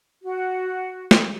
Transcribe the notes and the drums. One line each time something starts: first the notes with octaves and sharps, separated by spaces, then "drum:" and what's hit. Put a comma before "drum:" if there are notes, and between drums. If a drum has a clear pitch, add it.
F#4
drum: snare